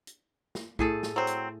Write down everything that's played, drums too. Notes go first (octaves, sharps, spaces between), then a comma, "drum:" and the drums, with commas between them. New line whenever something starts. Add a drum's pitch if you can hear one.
drum: hi-hat
drum: snare
A2 G#4 A4, drum: kick B1
drum: snare
F#3 C4
drum: hi-hat